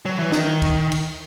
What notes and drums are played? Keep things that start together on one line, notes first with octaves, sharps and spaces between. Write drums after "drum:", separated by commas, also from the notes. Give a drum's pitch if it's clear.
F#3
E3
D#3, drum: snare
drum: kick, cymbal
drum: cymbal